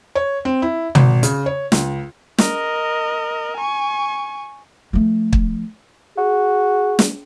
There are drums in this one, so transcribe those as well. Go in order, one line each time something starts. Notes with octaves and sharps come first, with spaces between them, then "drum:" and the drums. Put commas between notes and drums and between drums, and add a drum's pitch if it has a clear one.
C#5
C4
E4
G#1, drum: tom
C#3, drum: hi-hat
C#5
C#2, drum: snare
A#4 D#5, drum: snare
G#5 C#6
F3 A3
drum: kick
F#4 G#4
drum: snare